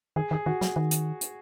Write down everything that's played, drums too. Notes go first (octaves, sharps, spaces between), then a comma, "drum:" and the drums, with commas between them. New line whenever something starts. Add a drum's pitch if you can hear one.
D#3 G#4
D#3 G#4
D#3 F#4
F#3, drum: snare
D#3
drum: hi-hat
drum: hi-hat